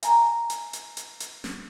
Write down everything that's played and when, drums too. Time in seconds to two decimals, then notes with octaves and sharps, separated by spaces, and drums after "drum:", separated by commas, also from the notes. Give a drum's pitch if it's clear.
0.03 E5 G#5 A#5, drum: hi-hat
0.50 drum: hi-hat
0.73 drum: hi-hat
0.97 drum: hi-hat
1.20 drum: hi-hat
1.44 drum: snare